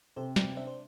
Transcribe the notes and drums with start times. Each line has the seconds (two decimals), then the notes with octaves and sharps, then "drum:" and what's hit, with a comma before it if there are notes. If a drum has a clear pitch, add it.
0.16 C3 A4 C5
0.36 C3 B4 D5, drum: snare
0.56 D4 C5 E5
0.67 C5